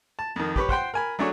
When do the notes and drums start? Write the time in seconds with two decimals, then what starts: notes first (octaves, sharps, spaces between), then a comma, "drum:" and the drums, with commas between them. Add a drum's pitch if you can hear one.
0.19 A5
0.36 F2 D#3
0.56 G4 B4 C#5, drum: kick
0.69 C5 F#5 G5 C6, drum: kick
0.94 A#4 G#5 B5
1.19 F#3 A3 D4 G#4 C#5